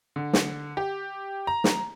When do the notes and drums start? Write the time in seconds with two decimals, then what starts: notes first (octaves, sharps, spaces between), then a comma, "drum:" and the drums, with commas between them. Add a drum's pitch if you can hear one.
0.16 D3
0.33 drum: snare
0.77 G4
1.47 A#5
1.64 drum: snare